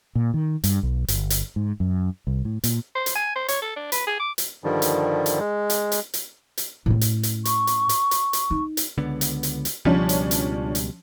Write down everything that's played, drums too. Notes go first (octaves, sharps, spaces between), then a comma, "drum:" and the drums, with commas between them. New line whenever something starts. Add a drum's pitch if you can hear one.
A#2
D#3
G2, drum: hi-hat
B1
G1, drum: hi-hat
drum: hi-hat
G#2
F#2
C2
A2
A#2, drum: hi-hat
C5
drum: hi-hat
G#5
C5
C#5, drum: hi-hat
A4
D4
B4, drum: hi-hat
G#4
D6
drum: hi-hat
G2 D3 D#3 F3 G3
drum: hi-hat
drum: hi-hat
G#3
drum: hi-hat
drum: hi-hat
drum: hi-hat
drum: hi-hat
A2 C#4
drum: hi-hat
drum: hi-hat
C#6, drum: hi-hat
drum: hi-hat
drum: hi-hat
drum: hi-hat
drum: hi-hat
D#4
drum: hi-hat
C#2 D3 B3
drum: hi-hat
drum: hi-hat
drum: hi-hat
C#2 B2 F3 G3 C#4 D4
drum: hi-hat
drum: hi-hat
drum: hi-hat